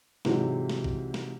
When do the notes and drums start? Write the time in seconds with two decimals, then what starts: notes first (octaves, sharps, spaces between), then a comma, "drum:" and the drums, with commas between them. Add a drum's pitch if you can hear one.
0.25 G#2 C3 E3 F#3 G#3, drum: snare
0.70 drum: snare
0.84 drum: kick B1
1.14 drum: snare